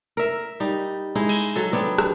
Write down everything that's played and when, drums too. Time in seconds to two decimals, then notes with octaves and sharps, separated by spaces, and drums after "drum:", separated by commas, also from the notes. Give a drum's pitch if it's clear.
0.17 A#4 E5
0.60 G3 D#4
1.15 G#3 D#4 E4
1.29 drum: cymbal
1.56 F#3 A4
1.73 F#3 B3 C4 D4
1.98 drum: rim click